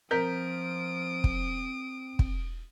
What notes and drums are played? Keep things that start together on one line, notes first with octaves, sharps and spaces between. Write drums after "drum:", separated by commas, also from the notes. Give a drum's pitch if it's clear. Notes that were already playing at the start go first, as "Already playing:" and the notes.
F3 C4 A#4 D#6 G6 B6 D7
drum: kick
drum: kick